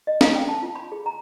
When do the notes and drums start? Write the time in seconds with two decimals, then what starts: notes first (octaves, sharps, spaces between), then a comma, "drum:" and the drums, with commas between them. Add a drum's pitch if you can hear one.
0.07 D#5
0.21 F5, drum: snare C4
0.35 G5
0.48 A5
0.63 F4
0.76 B5
0.92 G#4
1.06 A#5